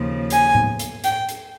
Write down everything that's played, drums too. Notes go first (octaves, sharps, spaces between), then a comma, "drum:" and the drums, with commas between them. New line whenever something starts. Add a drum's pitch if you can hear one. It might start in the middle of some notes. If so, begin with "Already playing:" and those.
Already playing: D#2 C#3 F3
G#5, drum: hi-hat
drum: tom A2
drum: hi-hat
G5, drum: hi-hat
drum: hi-hat